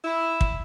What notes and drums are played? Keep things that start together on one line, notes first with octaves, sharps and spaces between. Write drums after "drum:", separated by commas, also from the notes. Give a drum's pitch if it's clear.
E4
drum: kick